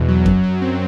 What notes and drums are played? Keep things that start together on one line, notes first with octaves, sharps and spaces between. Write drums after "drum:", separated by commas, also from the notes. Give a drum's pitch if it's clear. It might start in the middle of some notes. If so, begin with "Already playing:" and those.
Already playing: E2 B2
F#3
F#2, drum: kick F2
F#3
C4